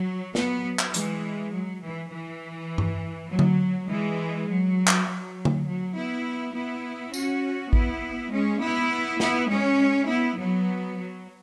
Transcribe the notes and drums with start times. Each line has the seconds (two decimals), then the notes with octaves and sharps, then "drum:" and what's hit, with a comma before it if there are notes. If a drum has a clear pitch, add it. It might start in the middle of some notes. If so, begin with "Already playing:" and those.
Already playing: F#3
0.35 F#3 B3, drum: snare
0.79 drum: clap
0.94 E3 G#3, drum: hi-hat
1.52 F#3
1.83 E3
2.12 E3
2.78 drum: tom G2
3.30 F#3
3.39 drum: tom D3
3.89 E3 G#3
4.49 F#3
4.88 drum: clap
5.07 F#3
5.45 drum: tom D3
5.66 F#3
5.95 B3 E4
6.55 B3 E4
7.14 C#4 F#4, drum: tambourine
7.73 B3 E4, drum: kick
8.32 G#3 C#4
8.62 B3 E4
9.20 B3 E4, drum: snare
9.49 G#3 C#4
10.09 B3 E4
10.38 F#3 B3
10.98 F#3